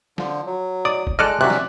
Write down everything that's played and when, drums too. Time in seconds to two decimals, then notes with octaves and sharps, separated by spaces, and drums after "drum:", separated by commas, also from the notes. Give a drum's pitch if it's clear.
0.18 D3 F3, drum: snare
0.46 F#3
0.85 D5 D#6
1.07 drum: kick F1
1.19 G#3 A4 D5 D#5 F6 F#6
1.41 C3 F#3 C#4 D5 E5 F#6
1.50 drum: snare